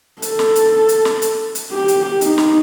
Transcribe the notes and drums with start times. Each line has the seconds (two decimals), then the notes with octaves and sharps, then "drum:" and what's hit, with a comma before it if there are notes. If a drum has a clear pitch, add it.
0.22 A4, drum: hi-hat
0.39 drum: snare
0.55 drum: hi-hat
0.89 drum: hi-hat
1.05 drum: snare
1.22 drum: hi-hat
1.55 drum: hi-hat
1.72 G4
1.88 drum: hi-hat
2.21 D#4, drum: hi-hat
2.38 drum: snare